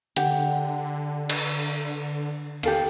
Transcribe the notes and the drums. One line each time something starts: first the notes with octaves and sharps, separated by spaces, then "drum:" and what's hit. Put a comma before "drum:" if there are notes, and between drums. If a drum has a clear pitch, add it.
D3 G4 F#5, drum: hi-hat
drum: cymbal
D#2 G4 A4 F5, drum: cymbal